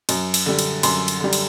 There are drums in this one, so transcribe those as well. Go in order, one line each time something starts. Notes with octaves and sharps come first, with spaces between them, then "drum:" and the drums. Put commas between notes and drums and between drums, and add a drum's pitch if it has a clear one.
F#2, drum: cymbal
drum: cymbal
D3 G3
drum: cymbal
F#2 C6, drum: cymbal
drum: cymbal
D3 G3
drum: cymbal